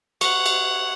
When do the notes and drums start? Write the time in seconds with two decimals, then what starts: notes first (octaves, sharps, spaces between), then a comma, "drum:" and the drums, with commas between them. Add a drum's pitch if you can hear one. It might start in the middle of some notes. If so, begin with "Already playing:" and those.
0.21 F#5 C#6 C#7, drum: cymbal
0.46 drum: cymbal